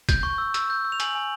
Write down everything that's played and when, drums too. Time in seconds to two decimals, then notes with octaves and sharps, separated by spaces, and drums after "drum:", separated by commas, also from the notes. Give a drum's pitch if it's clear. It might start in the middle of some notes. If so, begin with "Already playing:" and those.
0.09 G6, drum: kick, hi-hat
0.23 C#6
0.38 E6
0.54 E6, drum: hi-hat
0.70 G6
0.85 E6
0.92 F7
1.00 G#5 F#7, drum: hi-hat
1.15 G#5